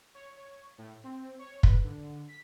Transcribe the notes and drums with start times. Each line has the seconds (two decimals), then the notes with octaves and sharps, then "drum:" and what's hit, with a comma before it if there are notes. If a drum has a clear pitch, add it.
0.15 C#5
0.37 C#5
0.78 A2
1.04 C4
1.39 C#5
1.63 B4, drum: kick
1.84 D3
2.28 B6